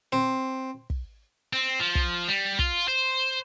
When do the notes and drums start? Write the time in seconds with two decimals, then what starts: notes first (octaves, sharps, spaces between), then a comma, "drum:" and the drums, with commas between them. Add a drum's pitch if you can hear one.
0.13 C4
0.90 drum: kick
1.53 C4
1.80 F3
1.95 drum: kick
2.28 G3
2.59 F4, drum: kick
2.88 C5